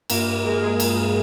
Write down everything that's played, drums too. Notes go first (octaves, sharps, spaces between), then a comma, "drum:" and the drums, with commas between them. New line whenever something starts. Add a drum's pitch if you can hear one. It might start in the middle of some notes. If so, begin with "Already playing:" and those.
G2 A#3 A#4, drum: cymbal
G2
G#3 A#3 A#4
G#3 G#4
drum: cymbal